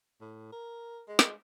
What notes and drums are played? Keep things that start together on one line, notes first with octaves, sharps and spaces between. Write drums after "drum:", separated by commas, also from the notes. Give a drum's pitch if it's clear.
A2
A#4
G#3
drum: snare